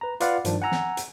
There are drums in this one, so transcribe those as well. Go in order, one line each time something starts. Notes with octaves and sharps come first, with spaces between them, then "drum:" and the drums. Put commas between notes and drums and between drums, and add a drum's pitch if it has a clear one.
B4 A#5
F4 B4 D5 F5 F#5, drum: hi-hat
G2 D#3 F3 D4, drum: hi-hat
F#5 G#5 A#5 E6
drum: snare
drum: hi-hat